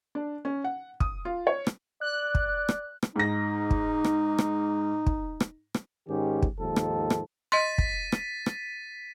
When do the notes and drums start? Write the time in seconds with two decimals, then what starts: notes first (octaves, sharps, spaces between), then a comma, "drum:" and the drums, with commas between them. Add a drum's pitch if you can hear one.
0.15 D4
0.45 C#4
0.64 F#5
1.00 D#6, drum: kick
1.25 F4
1.47 C#5
1.67 drum: rim click
2.01 D5 F#6
2.35 drum: kick
2.69 drum: rim click
3.03 drum: rim click
3.16 G#2 D#4 A#6
3.71 drum: kick
4.05 drum: rim click
4.39 drum: rim click
5.06 drum: kick
5.40 drum: rim click
5.74 drum: rim click
6.09 G#2 D#3 C#4 G4
6.42 drum: kick
6.59 D#2 G#2 D#3 F3 A4
6.76 drum: rim click
7.10 drum: rim click
7.52 D#5 C6 A6 B6 D#7
7.78 drum: kick
8.12 drum: rim click
8.46 drum: rim click